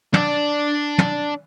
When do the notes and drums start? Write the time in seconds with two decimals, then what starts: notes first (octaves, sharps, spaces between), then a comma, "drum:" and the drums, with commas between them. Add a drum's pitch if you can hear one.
0.14 D4 D5, drum: tom
0.98 drum: tom